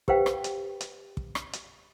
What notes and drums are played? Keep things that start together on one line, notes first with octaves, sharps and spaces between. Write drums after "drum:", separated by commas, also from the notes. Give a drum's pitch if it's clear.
G4 B4 C5 F5 G5, drum: kick
drum: rim click
drum: hi-hat
drum: hi-hat
drum: kick
drum: rim click
drum: hi-hat